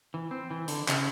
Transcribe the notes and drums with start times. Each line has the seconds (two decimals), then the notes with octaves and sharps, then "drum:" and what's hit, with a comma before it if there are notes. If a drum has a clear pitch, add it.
0.14 E3
0.31 C4
0.51 E3
0.68 D3, drum: hi-hat
0.88 C#3, drum: clap